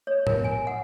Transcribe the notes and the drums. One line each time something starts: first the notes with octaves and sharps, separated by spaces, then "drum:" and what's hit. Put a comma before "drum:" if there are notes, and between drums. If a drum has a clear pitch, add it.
C#5
A#4, drum: tom
G#5
F#5